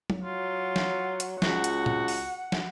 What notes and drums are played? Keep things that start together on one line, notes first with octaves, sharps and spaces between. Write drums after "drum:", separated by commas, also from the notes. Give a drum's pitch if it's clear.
drum: tom F#3
F#3 F4
drum: snare
drum: hi-hat
C#2 F#4 F#5, drum: snare
drum: hi-hat
drum: tom A#2
drum: open hi-hat
drum: snare